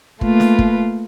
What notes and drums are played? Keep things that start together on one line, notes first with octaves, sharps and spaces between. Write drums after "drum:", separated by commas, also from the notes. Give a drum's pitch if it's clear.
A3 A#3 F4 B4, drum: kick
drum: snare
drum: kick